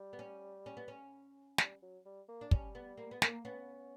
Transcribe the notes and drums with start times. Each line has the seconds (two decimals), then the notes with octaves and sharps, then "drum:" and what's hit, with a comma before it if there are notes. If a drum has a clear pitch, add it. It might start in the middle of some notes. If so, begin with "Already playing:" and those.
Already playing: G3
0.13 B3
0.19 C#4
0.66 C#4
0.77 B3
0.88 C#4
1.58 G3, drum: snare
1.82 F#3
2.05 G3
2.29 A#3
2.41 D4
2.51 G3 C#4, drum: kick
2.75 B3
2.97 A#3
3.11 B3
3.22 A#3, drum: snare
3.45 B3 C#4